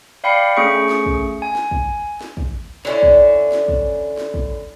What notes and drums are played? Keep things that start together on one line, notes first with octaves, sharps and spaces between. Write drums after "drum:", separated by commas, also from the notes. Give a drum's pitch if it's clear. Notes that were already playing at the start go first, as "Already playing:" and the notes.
D5 F5 G5 B5 C7 C#7
A3 C#4 G#4 C#6 C#7
drum: snare
drum: kick
G#5
drum: snare
drum: kick
drum: snare
drum: kick
D3 C#4 E4, drum: snare
drum: kick
drum: snare
drum: kick
drum: snare
drum: kick